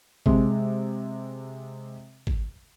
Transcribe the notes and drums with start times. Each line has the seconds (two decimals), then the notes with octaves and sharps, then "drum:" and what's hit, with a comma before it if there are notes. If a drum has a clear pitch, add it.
0.26 C3 G#3, drum: kick G#1
2.27 drum: kick G#1